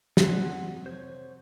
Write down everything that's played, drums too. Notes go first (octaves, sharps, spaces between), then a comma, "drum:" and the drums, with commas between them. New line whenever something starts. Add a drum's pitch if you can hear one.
F2 C3 G#4 F#5 C6, drum: snare
C5 C#5